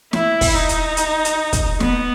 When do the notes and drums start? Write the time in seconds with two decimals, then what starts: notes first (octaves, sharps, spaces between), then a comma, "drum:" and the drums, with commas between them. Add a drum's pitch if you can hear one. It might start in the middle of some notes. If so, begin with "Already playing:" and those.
0.13 E4, drum: snare
0.41 drum: kick, open hi-hat
0.55 D#4
0.69 drum: hi-hat
0.97 drum: hi-hat
1.25 drum: hi-hat
1.53 drum: kick, hi-hat
1.80 B3, drum: snare